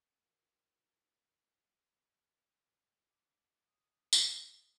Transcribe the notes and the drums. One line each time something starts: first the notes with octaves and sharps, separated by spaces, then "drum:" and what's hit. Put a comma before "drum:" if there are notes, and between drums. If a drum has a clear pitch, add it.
D#3 F3 G3 A#3 D#4 F#4
D6
D#6
drum: tambourine
D#6